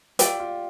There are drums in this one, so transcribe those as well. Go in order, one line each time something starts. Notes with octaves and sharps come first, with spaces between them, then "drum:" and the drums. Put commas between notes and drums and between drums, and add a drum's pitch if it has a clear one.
F4 G4 D5 G5, drum: hi-hat
F4